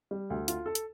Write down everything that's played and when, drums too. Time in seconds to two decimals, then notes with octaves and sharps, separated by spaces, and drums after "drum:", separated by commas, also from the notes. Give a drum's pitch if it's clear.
0.11 G3
0.30 D2
0.48 F4, drum: hi-hat
0.66 A4
0.75 drum: hi-hat